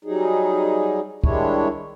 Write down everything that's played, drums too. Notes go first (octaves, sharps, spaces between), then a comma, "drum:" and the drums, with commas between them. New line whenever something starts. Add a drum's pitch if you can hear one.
F#3 G3 D#4 G#4
D#3 G3 G#3 D4 E4 C#5, drum: kick C#2